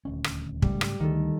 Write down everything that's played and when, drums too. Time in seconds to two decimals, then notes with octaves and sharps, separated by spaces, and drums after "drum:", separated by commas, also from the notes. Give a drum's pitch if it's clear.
0.05 D#1 D2 C#4
0.24 drum: rim click
0.62 G#2 C#3 G3 A3, drum: kick
0.81 drum: rim click
1.00 D2 D#3 A4